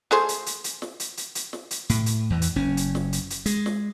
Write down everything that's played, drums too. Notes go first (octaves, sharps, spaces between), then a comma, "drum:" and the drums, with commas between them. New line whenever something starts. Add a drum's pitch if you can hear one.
A3 G#4 C5, drum: snare
drum: hi-hat
drum: hi-hat
drum: hi-hat
drum: snare
drum: hi-hat
drum: hi-hat
drum: hi-hat
drum: snare
drum: hi-hat
A2, drum: hi-hat
drum: hi-hat
E2 E3
drum: hi-hat
F#1 C#4
drum: hi-hat
drum: snare
drum: hi-hat
drum: hi-hat
G#3, drum: hi-hat
drum: snare